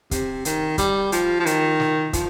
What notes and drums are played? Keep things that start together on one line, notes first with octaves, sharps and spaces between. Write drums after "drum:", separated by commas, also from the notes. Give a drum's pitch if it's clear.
C3, drum: kick, hi-hat
D#3, drum: hi-hat
G3, drum: kick, hi-hat
F3, drum: hi-hat
F3
D#3, drum: hi-hat
drum: snare
F3, drum: kick, hi-hat